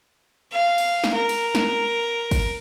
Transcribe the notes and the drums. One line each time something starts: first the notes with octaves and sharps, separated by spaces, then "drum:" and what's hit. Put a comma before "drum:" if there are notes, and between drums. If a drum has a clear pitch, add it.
F5
drum: cymbal
drum: snare
A#4
drum: cymbal
drum: snare
drum: kick, cymbal